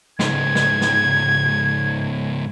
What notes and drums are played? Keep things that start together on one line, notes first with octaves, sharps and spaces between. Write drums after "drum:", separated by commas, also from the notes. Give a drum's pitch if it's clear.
C#2 G#2 G#6, drum: snare
drum: snare
drum: snare